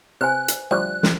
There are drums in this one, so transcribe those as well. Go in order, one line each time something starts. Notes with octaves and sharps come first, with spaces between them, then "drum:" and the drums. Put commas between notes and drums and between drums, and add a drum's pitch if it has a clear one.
C3 B4 C5 G#5 F#6
drum: hi-hat
D2 F3 G3 C5 F#6
drum: snare